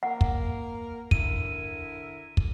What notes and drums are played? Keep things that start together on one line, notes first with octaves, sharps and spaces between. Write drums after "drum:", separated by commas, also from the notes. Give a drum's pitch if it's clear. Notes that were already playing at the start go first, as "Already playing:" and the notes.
A#3 A#4 F#5
drum: kick
D3 E4 A#4 D#7, drum: kick
drum: kick